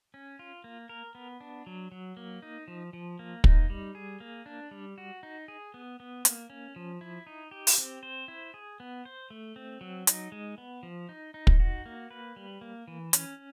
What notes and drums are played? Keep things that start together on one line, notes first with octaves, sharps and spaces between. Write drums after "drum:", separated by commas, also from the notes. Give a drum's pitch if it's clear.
C#4
F4
A#3
A#4
B3
D4
F#3
F#3
A#3
D#4
F3
F3
A#3
D#4, drum: kick
G3
G#4
A#3
D4
G3
F#4
D#4
G#4
B3
B3
A#3, drum: hi-hat
C#4
F3
E4
D#4
G4
drum: open hi-hat
C4
C5
E4
G#4
B3
C5
A3
C4
F#3
D#4, drum: hi-hat
G#3
B3
F3
D#4
D#4
drum: kick
F#4
A#3
B4
G3
A#3
E3
C#4, drum: hi-hat